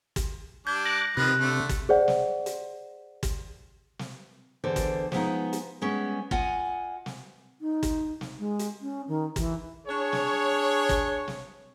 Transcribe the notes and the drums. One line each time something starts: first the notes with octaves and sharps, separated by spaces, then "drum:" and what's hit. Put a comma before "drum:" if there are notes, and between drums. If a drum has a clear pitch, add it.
drum: kick, hi-hat
G3 D4 G6 G#6
D6 F#6 A#6
C3 D#3 F3 B4 F#6
D3 A3
drum: kick, hi-hat
G#4 C5 D5 F#5
drum: snare
drum: hi-hat
drum: kick, hi-hat
drum: snare
E2 D3 C5 D5
drum: kick, hi-hat
F3 G#3 B3 D#4, drum: snare
drum: hi-hat
G3 G#3 B3 C#4
F4 D#5 F#5 G#5, drum: kick
drum: snare
D#4
drum: kick, hi-hat
drum: snare
G#3
drum: hi-hat
C#4
D#3
E3, drum: kick, hi-hat
D4 G#4 C#5
drum: snare
drum: kick, hi-hat
drum: snare